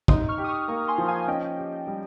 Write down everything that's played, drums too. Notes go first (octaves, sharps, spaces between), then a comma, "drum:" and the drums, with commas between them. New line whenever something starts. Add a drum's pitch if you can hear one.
D#4 C6 D#6, drum: kick
C#6 F6
G4
D#6
C#6 F6
A#3 A#5 C#6
G#5 C6
F3
F5 G#5
C#4 D#5 G5
G4
G3